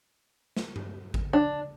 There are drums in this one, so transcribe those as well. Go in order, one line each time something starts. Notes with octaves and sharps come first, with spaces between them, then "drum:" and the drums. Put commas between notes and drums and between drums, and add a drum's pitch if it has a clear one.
drum: snare
drum: tom G2
drum: kick G#1
D4